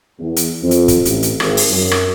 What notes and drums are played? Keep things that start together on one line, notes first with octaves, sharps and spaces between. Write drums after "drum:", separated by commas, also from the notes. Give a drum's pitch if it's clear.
E2
drum: hi-hat
F2
drum: hi-hat
drum: kick, hi-hat
A1, drum: hi-hat
drum: hi-hat
G#1, drum: rim click
drum: open hi-hat
F#2
drum: rim click